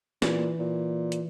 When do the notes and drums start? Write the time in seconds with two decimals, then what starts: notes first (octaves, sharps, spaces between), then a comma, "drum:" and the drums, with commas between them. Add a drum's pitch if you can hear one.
0.22 A#2 E3, drum: snare
0.59 A#2
1.12 drum: hi-hat